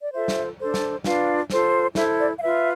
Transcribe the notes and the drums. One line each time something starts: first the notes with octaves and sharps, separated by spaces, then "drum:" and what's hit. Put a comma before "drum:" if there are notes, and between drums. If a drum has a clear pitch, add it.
D5
F4 A4 C5 E5
drum: snare
D4 A4 C5
drum: snare
D4 F4 B4 F5, drum: snare
F4 A4 C5, drum: snare
E4 A4 C5 E5, drum: snare
D5
F5
F4 B4 E5